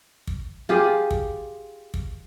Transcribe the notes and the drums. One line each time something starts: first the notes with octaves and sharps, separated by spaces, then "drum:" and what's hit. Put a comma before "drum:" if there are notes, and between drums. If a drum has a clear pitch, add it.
drum: kick
F4 G4 G#4
drum: kick
drum: kick